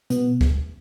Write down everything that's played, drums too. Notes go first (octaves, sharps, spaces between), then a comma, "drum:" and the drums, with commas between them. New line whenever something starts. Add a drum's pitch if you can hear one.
B2 B3, drum: hi-hat
drum: kick D2